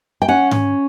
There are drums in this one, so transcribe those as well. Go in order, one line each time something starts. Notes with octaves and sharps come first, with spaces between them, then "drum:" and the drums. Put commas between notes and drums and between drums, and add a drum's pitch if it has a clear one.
G5
C#4 F#5
drum: tom G#2